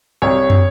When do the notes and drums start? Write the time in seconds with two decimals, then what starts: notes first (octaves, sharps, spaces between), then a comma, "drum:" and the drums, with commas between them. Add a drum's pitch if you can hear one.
0.22 C2 C#5
0.50 drum: tom